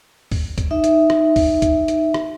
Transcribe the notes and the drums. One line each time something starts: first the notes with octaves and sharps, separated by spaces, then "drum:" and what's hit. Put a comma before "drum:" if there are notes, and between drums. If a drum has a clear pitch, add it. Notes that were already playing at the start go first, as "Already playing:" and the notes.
drum: kick, open hi-hat
drum: kick, hi-hat
D#4 E5
drum: hi-hat
drum: rim click
drum: kick, open hi-hat
drum: kick, hi-hat
drum: hi-hat
drum: rim click